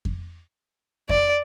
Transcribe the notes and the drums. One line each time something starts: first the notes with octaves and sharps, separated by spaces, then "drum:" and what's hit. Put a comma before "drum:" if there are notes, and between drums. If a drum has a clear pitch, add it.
drum: kick F2
D5, drum: kick F2